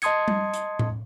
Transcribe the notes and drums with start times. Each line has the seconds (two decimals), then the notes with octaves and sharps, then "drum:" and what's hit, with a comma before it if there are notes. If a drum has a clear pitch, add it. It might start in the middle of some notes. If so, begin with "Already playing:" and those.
0.02 D#5 A5 C6 D#6 G#6 C#7, drum: hi-hat
0.28 drum: tom G3
0.54 drum: hi-hat
0.79 drum: tom A2